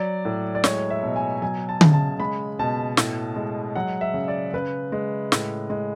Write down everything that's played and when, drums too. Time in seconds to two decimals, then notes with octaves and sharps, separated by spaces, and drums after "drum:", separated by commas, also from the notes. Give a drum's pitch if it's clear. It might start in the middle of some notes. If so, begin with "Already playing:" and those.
Already playing: F#3 D5
0.25 A2
0.55 D5
0.64 G#3 C#5, drum: snare
0.90 E5
1.03 B2
1.16 G#5
1.42 F#3 G#5
1.69 A5
1.81 C#3, drum: tom D3
1.94 A5
2.20 G#3 B5
2.59 B2 A5
2.97 A2, drum: snare
3.36 G#3
3.75 F#3 F#5
4.01 E5
4.14 C#3
4.28 D5
4.53 C#3 B4
4.92 G#3
5.32 A2, drum: snare
5.70 G#3